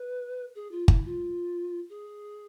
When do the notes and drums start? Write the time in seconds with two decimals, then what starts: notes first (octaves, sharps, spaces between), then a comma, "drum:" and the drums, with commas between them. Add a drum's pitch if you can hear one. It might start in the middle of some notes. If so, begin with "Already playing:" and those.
Already playing: B4
0.55 G#4
0.71 F4
0.88 E4, drum: kick G1
1.05 F4
1.90 G#4